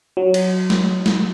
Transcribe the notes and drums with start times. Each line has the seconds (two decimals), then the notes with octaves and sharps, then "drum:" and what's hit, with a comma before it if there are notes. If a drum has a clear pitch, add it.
0.17 F#3
0.34 drum: cymbal
0.70 drum: snare
1.06 drum: snare